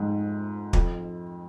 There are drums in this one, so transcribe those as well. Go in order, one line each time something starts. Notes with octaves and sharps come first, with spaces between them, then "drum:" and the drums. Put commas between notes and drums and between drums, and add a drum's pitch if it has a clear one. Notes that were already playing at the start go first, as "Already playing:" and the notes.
Already playing: F2 G#2
F2, drum: kick